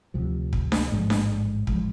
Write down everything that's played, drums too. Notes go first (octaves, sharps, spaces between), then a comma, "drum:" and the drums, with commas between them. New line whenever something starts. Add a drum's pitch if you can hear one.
D2 C3 F3
drum: kick
drum: snare D4
A1 G#2 F3 G#3
drum: snare D4
A1 F3 G#3, drum: kick